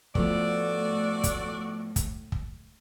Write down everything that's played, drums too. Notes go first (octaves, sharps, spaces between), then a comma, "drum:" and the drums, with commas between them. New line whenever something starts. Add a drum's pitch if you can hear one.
A2 F3 A3 B3 F#4 A4 D5, drum: kick
drum: kick, hi-hat
drum: kick, hi-hat
drum: kick